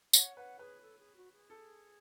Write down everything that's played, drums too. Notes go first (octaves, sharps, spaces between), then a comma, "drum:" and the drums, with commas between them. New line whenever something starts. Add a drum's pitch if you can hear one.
C#5 F#5, drum: tambourine
B4 F#5
G#4 B4
A4
G#4
F#4
G#4
A4